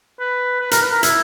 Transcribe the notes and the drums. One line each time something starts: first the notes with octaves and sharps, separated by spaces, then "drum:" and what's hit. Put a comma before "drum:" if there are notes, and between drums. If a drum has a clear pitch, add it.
B4
B4
A#4, drum: hi-hat
B4
A#4
E4, drum: hi-hat